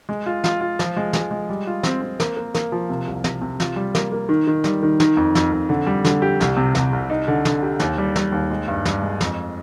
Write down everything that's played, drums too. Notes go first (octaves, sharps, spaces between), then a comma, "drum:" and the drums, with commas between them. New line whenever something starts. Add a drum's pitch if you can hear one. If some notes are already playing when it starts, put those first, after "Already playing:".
G#3
F4
F4, drum: snare
F4
F3, drum: snare
G#3
G#3, drum: snare
G#3
G3
F4
C4, drum: snare
C4
A#3, drum: snare
A#3
A#3, drum: snare
F3
C3
C2
C3, drum: snare
C3
F4, drum: snare
G3
A#3, drum: snare
A#3
D#3
D#3
G3, drum: snare
D#3
D#3, drum: snare
F2
F2, drum: snare
F2
D3
G3
D3, drum: snare
G4
C2, drum: snare
C3
C2, drum: snare
C2
D#4
D3
D3, drum: snare
G4
D#2, drum: snare
G3
G3, drum: snare
D#2
G#3
G2
G2, drum: snare
G#3
F2, drum: snare